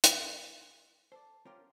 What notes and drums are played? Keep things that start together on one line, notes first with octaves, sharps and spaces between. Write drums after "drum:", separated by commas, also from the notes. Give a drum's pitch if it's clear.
drum: hi-hat
A4 C5 D5
D3 C#4 F4 G4 A#4 C5